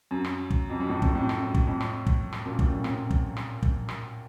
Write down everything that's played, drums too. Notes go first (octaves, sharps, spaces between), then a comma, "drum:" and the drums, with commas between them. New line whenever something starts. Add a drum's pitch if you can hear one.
F#2
drum: rim click
drum: kick
F2
F#2
F2 A2
F#2, drum: kick
F2 A2
F#2, drum: rim click
F#2
drum: kick
F2 A2
drum: rim click
drum: kick
drum: rim click
F#2 A#2
A2 C3, drum: kick
A#2 C#3
A2 C3, drum: rim click
drum: kick
drum: rim click
drum: kick
drum: rim click